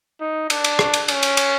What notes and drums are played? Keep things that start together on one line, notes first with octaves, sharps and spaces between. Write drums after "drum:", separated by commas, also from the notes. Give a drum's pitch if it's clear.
D#4
D4, drum: cymbal
drum: cymbal
drum: rim click
drum: cymbal
C#4, drum: cymbal
drum: cymbal
drum: cymbal